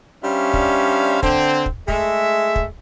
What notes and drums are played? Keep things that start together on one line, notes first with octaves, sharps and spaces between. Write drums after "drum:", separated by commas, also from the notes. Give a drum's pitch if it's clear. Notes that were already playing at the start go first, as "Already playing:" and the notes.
G3 C#4 D4 C5 E5 F5
drum: kick
D3 C4, drum: kick
drum: kick
G#3 A3 E5, drum: kick
drum: kick